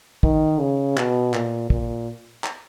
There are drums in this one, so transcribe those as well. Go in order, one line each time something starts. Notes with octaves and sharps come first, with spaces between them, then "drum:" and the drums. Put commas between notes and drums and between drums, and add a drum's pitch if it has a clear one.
D#3, drum: kick
C#3
B2, drum: clap
A#2, drum: clap
A#2, drum: kick
drum: clap